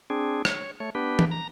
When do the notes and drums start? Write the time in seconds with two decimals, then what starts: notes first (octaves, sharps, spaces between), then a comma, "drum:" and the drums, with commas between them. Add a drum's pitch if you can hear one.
0.10 C4 D4 G#4
0.45 C#5, drum: rim click
0.80 A3 C#5
0.95 B3 D4 G4 B4
1.19 drum: tom E3
1.31 A#5